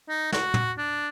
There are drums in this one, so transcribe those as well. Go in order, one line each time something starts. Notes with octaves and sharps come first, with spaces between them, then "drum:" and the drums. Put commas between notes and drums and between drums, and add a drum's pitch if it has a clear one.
D#4
F#4, drum: snare
drum: tom
D4